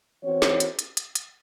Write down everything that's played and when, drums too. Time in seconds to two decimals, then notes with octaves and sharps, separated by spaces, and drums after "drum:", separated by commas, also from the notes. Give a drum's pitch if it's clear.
0.23 E3 C4 F#4 C#5
0.42 drum: snare
0.60 drum: hi-hat
0.79 drum: hi-hat
0.97 drum: hi-hat
1.15 drum: hi-hat